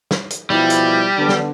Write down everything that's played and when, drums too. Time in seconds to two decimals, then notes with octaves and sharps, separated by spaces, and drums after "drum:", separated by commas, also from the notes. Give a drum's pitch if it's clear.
0.11 drum: snare
0.30 drum: hi-hat
0.50 B2 F3 G3 E4
0.70 drum: hi-hat
1.17 D3 B3 D4
1.29 drum: snare